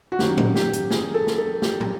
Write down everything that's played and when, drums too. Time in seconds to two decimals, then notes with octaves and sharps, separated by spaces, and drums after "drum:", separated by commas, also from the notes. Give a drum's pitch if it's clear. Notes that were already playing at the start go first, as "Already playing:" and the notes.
0.12 F#4
0.19 F#2 D#3 F#3 A#3 G4, drum: snare
0.37 drum: tom
0.55 G4, drum: snare
0.73 drum: hi-hat
0.91 G#4, drum: snare
1.14 A4
1.27 drum: snare
1.38 A4
1.62 G4, drum: snare
1.81 drum: tom